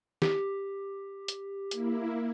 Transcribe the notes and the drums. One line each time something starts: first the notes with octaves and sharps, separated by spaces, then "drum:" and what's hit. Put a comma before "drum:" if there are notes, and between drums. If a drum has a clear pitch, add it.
G4, drum: snare
drum: hi-hat
A#3 E4, drum: hi-hat